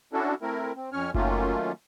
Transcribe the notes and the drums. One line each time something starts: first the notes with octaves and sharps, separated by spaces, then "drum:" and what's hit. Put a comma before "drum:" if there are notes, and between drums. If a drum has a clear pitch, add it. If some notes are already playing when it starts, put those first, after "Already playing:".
C#4 D4 E4 F#4 A4
A3 C4 E4 A#4
C4
F2 C#4 C#5 F6
D#3 F#3 A3 A#3 C#4 F4, drum: kick F#1